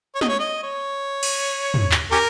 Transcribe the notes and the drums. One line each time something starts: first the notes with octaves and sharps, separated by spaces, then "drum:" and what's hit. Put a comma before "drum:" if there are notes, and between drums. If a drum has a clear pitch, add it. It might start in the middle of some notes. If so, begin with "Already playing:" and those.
C#5
D#5, drum: snare
C#5
D#5
C#5
drum: cymbal
drum: tom
drum: clap
C#4 G4 A#4